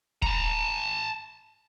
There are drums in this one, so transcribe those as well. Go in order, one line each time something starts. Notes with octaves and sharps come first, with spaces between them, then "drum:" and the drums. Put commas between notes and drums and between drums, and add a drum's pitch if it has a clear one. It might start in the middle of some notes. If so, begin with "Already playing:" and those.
A5 A#5, drum: kick